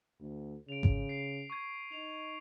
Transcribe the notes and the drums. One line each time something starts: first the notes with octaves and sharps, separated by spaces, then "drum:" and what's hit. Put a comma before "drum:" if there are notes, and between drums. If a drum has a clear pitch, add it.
D2
C#3 D7 F7
drum: kick G#1
C7
C#6 G#6
D#4 F7